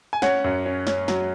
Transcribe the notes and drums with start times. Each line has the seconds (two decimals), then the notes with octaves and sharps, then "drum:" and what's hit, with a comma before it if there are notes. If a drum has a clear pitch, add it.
0.13 G#5
0.22 C#4 C#5 F#5, drum: snare
0.44 F#2
0.66 C#4
0.87 C#4, drum: snare
1.08 F#3, drum: snare